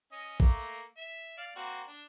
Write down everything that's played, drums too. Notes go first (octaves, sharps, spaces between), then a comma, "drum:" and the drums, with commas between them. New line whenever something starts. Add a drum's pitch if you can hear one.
C#4 D#5
A3 A#3, drum: kick A#1
E5
D5 F5
A#3 C4 F#4
D4